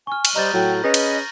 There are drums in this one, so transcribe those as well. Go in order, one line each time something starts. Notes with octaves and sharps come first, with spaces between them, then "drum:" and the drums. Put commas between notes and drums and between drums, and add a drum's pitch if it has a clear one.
G#5 C#6 F6
drum: cymbal
G3 C5 D#5 A#5 G6 A6
A2 F#3 G5
C#4 G#4 B4 D#5 A#6
drum: cymbal
A#6